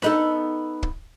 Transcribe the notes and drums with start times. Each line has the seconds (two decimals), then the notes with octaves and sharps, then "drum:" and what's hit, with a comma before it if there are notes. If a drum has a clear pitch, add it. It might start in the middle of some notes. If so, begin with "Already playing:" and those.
0.02 B3 D#4 A4, drum: snare D4
0.83 drum: kick